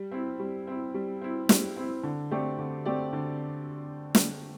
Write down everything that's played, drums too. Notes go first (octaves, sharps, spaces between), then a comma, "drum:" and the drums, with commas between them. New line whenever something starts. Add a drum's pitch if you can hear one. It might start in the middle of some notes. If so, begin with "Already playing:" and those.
Already playing: G3
C4 E4
G3
C4 E4
G3
C4 E4
G3, drum: snare
C4 E4
D3
A3 C4 G4 D5
D3
A3 C4 G4 D5
D3
drum: snare